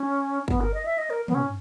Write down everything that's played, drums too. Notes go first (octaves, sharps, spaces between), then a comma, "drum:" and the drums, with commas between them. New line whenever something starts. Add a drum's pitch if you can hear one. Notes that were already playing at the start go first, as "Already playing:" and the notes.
Already playing: C#4
B3, drum: kick
A#4
D#5
E5
D#5
A#4
B3, drum: tom
C#4